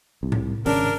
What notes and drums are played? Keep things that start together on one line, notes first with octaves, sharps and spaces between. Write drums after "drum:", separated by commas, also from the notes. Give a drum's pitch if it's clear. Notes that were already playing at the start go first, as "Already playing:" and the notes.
C2
drum: tom A2
G#1 C#3 C#4 D4 A#4, drum: open hi-hat